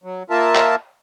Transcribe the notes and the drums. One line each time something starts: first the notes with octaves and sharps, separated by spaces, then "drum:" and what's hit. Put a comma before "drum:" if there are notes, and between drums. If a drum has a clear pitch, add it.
F#3
A#3 F4 A#4 E5 A5
drum: clap